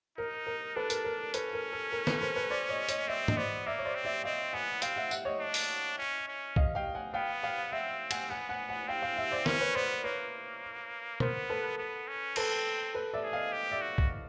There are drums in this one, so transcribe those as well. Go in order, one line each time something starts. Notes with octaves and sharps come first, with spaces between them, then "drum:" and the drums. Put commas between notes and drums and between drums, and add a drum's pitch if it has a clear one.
D#4 A#4
A#4
D4 A4 B4
A#4, drum: hi-hat
A#4
C#4 A4 B4, drum: hi-hat
A#4
A4
A#4
A4 B4, drum: snare
A#4 C5
A4 B4
C5 D5
C#5 D#5
C#5 D#5, drum: hi-hat
C4 D5 E5
D#5, drum: tom G#2
B3 C5 D5
A#3 D5 E5
C#5
C5 D5
C4
D5 E5
C4 D#5 F5
B3 F#5 G#5
C4 F5 G5, drum: hi-hat
E5 F#5
E5 F#5, drum: tambourine
C#5 D#5
D4
drum: open hi-hat
C#4
C#4
D#5 F5, drum: kick A#1
F5 G5
F#5 G#5
B3 F5 G5
F5 G5
C4 E5 F#5
F#5 G#5, drum: cymbal
B3 F#5 G#5
F#5 G#5
F#5 G#5
C4 F5 G5
F5 G5
E5 F#5
C5 D5
C#4 A#4 C5, drum: snare
B4 C#5
B3 C5 D5
A#3 B4 C#5
B3 A#4 C5, drum: tom
A4 B4
B3
C#4
C4 A4 B4, drum: cymbal
A4 B4
D5 E5
G#4
D#5 F5
G4
D5 E5
F#4
drum: kick A#1